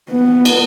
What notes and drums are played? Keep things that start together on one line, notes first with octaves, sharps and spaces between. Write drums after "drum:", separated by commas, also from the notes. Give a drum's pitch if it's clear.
B3
drum: cymbal